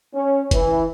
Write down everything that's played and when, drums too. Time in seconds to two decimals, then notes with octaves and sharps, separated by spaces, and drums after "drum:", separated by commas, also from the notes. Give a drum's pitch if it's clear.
0.14 C#4
0.51 E3, drum: kick, hi-hat